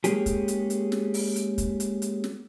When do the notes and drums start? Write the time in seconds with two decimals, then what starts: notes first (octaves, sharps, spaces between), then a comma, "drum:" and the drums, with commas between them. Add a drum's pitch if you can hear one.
0.04 G#3 A#3 C#4 G4 G#4, drum: hi-hat
0.26 drum: kick, hi-hat
0.48 drum: hi-hat
0.70 drum: hi-hat
0.92 drum: snare
1.14 drum: open hi-hat
1.36 drum: hi-hat
1.58 drum: kick, hi-hat
1.80 drum: hi-hat
2.02 drum: hi-hat
2.24 drum: snare